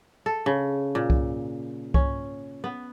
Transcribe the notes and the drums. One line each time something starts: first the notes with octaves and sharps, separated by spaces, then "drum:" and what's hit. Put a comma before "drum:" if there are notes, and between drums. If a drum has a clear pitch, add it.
A4
C#3
A#2
drum: kick C2
C#4, drum: kick C2
B3